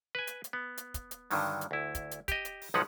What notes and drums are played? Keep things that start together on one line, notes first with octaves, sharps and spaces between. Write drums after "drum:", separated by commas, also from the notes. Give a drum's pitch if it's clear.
B4 G#5
drum: hi-hat
drum: hi-hat
B3
drum: hi-hat
drum: kick, hi-hat
drum: hi-hat
G2 D3 D#3 F#3, drum: open hi-hat
drum: hi-hat
D2 E4
drum: kick, hi-hat
drum: hi-hat
G4 D#5, drum: kick, hi-hat
drum: hi-hat
drum: open hi-hat
B1 D#3 F3 G#3 B4 F#5